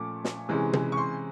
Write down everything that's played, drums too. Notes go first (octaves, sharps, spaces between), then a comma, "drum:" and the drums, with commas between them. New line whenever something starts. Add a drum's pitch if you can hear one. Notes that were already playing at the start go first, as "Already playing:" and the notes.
Already playing: A#2 F3 A3 C#4 D6
drum: snare
C3 E3 G#3 C#4
drum: tom
C#6
C6